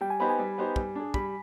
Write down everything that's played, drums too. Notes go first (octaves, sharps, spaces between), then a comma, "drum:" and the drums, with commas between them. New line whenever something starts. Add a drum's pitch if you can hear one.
G3 G5
G#5
B3 D#4 G4 C5 B5
G#5
G3
B3 D#4 G4 C5
G3, drum: kick
D4 G#4
G3 B5, drum: kick